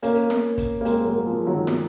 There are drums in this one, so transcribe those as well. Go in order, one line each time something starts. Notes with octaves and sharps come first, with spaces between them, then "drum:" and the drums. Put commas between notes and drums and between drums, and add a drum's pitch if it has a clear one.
A#3 C#4, drum: hi-hat
drum: snare
drum: kick, hi-hat
A#3
G#3 C4, drum: hi-hat
F#3 A#3
F3 G#3
D#3 F#3
drum: snare